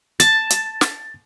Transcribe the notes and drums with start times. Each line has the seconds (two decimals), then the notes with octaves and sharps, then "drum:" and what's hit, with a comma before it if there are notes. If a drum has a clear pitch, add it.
0.20 A5 A6, drum: hi-hat
0.50 drum: hi-hat
0.81 drum: snare